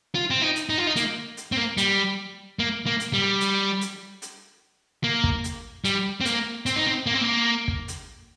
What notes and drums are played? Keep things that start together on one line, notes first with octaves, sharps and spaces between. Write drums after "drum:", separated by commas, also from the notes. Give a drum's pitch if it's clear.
F4
C4
D#4
drum: hi-hat
D#4
F4
D#4
A#3, drum: hi-hat
drum: hi-hat
C4
A#3
G3, drum: hi-hat
A#3
A#3
drum: hi-hat
G3
drum: hi-hat
drum: hi-hat
drum: hi-hat
A#3
drum: kick
drum: hi-hat
G3, drum: hi-hat
C4
A#3, drum: hi-hat
C4, drum: hi-hat
D#4
C4
A#3
C4
A#3
drum: kick
drum: hi-hat